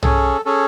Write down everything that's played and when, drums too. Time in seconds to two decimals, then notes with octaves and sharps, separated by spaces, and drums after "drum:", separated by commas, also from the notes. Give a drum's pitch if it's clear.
0.03 C#4 G#4 A4, drum: tom B1
0.45 C#4 G#4 A4